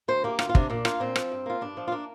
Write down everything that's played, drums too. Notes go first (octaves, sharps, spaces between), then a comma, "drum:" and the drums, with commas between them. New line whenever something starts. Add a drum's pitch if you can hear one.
D2 C5
A#3 G4
D2 F4, drum: rim click
F4
C3 D4, drum: kick
A#2 D4
A#3 F4, drum: rim click
A#2 C4
F3, drum: rim click
G2
A#3 F4
G2 D4
F3
F4
A#3 D4